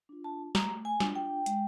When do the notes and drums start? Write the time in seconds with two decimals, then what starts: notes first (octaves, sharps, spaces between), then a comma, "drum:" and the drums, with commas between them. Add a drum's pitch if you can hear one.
0.09 D4 F4
0.24 A5
0.55 A3 A#5, drum: snare
0.85 G#5
1.00 D4 F4, drum: snare
1.16 G5
1.46 G#3, drum: hi-hat